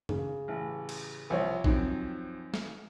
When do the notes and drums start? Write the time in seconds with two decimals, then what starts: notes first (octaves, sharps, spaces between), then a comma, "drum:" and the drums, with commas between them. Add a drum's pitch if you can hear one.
0.09 C#3, drum: tom F#2
0.48 A1
0.89 drum: cymbal
1.30 C2 F3 C#5
1.64 F#2 D#3 C4, drum: kick A1
2.54 drum: snare